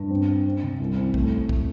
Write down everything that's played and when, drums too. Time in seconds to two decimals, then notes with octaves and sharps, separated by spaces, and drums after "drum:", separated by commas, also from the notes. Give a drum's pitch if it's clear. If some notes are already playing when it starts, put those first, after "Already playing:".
Already playing: G2
0.10 C4
0.28 C4
0.46 C4
0.63 C3
0.80 C2
0.97 C4
1.14 A3, drum: kick
1.49 drum: kick